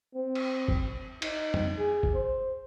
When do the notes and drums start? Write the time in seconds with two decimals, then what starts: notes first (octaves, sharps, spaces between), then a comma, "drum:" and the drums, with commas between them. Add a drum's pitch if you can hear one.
0.15 C4
0.35 drum: cymbal
0.68 drum: kick
1.22 D#4, drum: cymbal
1.54 drum: tom
1.78 G#4
2.03 drum: kick
2.14 C5